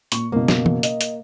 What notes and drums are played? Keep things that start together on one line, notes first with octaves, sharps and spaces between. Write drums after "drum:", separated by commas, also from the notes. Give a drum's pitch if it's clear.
A#2 C#6, drum: hi-hat
F#1 B2 A#3
drum: snare
drum: tom
D#5, drum: hi-hat
drum: hi-hat